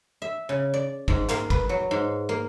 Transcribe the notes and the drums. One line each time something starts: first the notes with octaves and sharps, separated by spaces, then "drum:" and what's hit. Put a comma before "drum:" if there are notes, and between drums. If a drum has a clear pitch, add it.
E5
C#3
D5
G#2, drum: kick
A#3, drum: clap
B4, drum: kick
F#3
G#2
A#3